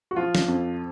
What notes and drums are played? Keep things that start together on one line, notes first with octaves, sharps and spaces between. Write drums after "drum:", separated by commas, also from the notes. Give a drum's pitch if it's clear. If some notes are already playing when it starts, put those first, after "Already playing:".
F#4
F3 F4
drum: snare
F2